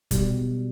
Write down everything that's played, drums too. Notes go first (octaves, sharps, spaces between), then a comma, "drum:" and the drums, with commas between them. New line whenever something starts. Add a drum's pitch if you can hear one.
B2 G3, drum: kick D1, hi-hat